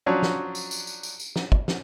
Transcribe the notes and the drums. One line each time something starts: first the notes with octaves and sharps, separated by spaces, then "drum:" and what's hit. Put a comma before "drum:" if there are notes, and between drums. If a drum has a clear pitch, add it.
F3 F#3 C#4 D4
drum: snare
drum: tambourine
drum: tambourine
drum: tambourine
drum: tambourine
drum: tambourine
drum: snare
drum: kick
drum: snare